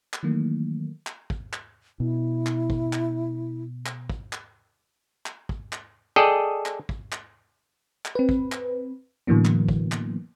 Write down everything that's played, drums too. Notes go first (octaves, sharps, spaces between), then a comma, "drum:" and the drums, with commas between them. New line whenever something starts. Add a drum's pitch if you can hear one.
drum: clap
D#3 E3 F#3 A3 A#3
drum: clap
drum: kick
drum: clap
B2 E4
drum: clap
drum: kick
drum: clap
drum: clap
drum: kick
drum: clap
drum: clap
drum: kick
drum: clap
G#4 A4 D5 D#5 G5
drum: clap
drum: kick
drum: clap
drum: clap
C4 B4
drum: kick
drum: clap
A2 D3 E3 F#3 A#3 B3
drum: clap
drum: kick
drum: clap